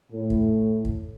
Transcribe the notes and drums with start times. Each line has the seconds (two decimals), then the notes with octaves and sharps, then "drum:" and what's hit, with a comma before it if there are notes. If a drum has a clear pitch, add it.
0.12 A2
0.30 drum: kick
0.85 drum: kick